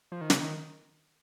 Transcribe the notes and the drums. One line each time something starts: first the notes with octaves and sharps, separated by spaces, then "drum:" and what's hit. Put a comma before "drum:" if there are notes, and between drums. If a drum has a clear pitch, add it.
F3
D#3
C#3, drum: snare
D#3